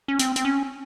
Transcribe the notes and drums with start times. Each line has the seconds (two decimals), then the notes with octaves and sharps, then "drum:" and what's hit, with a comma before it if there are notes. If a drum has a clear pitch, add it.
0.08 C#4
0.19 C4, drum: hi-hat
0.36 C4, drum: hi-hat
0.45 C#4